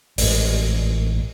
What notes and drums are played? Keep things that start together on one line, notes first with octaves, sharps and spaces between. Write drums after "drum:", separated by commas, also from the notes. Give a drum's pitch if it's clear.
A1 G#2, drum: open hi-hat